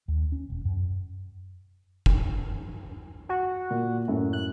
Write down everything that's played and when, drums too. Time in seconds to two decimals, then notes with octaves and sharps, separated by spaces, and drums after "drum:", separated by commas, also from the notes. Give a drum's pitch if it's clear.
0.08 D#2
0.32 C#4
0.50 E1
0.65 F#2
2.06 drum: kick
3.29 F#4
3.71 A#2
4.08 F#2 A2
4.33 F#6